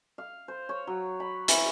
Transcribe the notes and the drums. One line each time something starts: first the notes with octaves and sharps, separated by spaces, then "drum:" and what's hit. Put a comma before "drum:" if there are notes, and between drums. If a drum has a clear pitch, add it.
F5
C5
C#5
F#3
B5
E3, drum: hi-hat